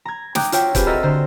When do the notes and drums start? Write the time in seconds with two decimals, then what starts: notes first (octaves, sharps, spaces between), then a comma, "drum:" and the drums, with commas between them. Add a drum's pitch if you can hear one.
0.05 A#5 G#6
0.35 G5 A#5 D6 D#6 F#6 G6, drum: snare
0.52 F4 F#4 C#5 E5 G5, drum: hi-hat
0.75 C4 F4 G4 G#4 B4, drum: kick, hi-hat
0.86 F#4 A4 D#5 E5 A#5 F6
1.03 D3 C5 A#5